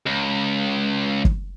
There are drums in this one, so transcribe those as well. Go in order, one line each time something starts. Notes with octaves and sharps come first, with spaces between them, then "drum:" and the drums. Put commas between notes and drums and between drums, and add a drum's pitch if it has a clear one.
C#2
drum: kick